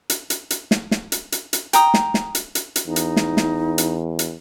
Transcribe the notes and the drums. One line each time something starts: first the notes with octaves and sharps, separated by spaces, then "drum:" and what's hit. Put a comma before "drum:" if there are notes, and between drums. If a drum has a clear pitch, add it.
drum: hi-hat
drum: hi-hat
drum: hi-hat
drum: snare
drum: snare
drum: hi-hat
drum: hi-hat
drum: hi-hat
G5 A#5 D#6, drum: hi-hat
drum: snare
drum: snare
drum: hi-hat
drum: hi-hat
drum: hi-hat
E2 D#4
drum: hi-hat
drum: snare
drum: snare
drum: hi-hat
drum: hi-hat